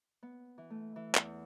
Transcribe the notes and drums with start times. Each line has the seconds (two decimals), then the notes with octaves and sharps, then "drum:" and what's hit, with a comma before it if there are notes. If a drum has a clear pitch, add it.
0.23 B3
0.58 E3
0.70 A3
0.96 E3
1.15 E2, drum: clap